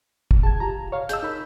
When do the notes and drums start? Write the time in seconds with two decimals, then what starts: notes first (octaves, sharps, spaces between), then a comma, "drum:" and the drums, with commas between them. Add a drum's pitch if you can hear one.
0.31 drum: kick
0.43 G#4 G5 A5 G#6
0.60 F4 G4 A#5
0.92 C#5 F5
1.09 G#4 D#5 A5 E6 G6, drum: hi-hat
1.23 D#4 A#4 B5